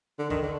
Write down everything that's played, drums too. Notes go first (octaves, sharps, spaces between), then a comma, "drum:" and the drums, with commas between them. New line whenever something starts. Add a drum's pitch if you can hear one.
D3
D#3, drum: kick
D3